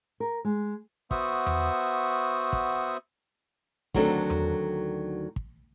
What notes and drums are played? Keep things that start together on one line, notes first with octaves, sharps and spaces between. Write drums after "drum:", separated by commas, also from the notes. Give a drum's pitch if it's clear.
A#4
G#3
B3 F#4 C5 E5 C#6 D#6, drum: kick
drum: tom E2
drum: kick
D2 D#3 F#3 C4 D4 A4, drum: kick
drum: tom E2
drum: kick